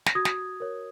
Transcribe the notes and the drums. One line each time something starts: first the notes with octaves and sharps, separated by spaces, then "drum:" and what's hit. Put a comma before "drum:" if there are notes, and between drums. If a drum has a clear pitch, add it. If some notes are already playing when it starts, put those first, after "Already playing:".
A#6, drum: snare
F#4 D#6 G#6
drum: snare
A#4 C#5